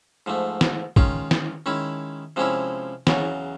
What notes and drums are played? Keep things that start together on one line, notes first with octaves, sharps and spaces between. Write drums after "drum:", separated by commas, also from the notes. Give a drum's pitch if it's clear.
G#2 F3 A3
drum: snare
D#3 G#3 C#4 F4, drum: kick
drum: snare
D#3 G#3 C#4 E4
C3 F3 G#3 C#4 E4
E2 C#3 F#3, drum: snare